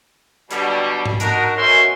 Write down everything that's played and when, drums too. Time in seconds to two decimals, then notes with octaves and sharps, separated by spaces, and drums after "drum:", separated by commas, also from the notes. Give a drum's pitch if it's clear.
0.51 B2 D3 F#3 G3, drum: hi-hat
1.06 drum: tom G#2
1.20 D4 D#4 F#4 A#4, drum: hi-hat
1.57 F#2 B2 C#4 E5 C6